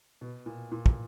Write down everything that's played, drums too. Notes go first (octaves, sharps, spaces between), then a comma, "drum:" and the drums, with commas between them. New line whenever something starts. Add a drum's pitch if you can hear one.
B2
A#2
A#2
drum: kick